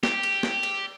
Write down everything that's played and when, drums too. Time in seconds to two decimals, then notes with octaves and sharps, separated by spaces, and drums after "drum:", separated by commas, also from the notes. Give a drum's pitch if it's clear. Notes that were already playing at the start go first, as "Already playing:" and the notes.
0.03 G4, drum: snare
0.23 drum: cymbal
0.43 drum: snare
0.63 drum: cymbal